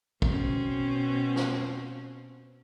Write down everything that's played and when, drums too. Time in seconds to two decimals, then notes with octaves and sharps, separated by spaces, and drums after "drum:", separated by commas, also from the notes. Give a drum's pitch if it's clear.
0.22 B2 C4 C#4, drum: kick
1.36 drum: snare